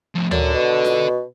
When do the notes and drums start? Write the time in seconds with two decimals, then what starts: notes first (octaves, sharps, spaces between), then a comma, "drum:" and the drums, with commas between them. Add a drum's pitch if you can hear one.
0.15 A2 F3
0.31 F#2 A4 D5, drum: tom D2
0.54 B2
0.85 drum: snare F4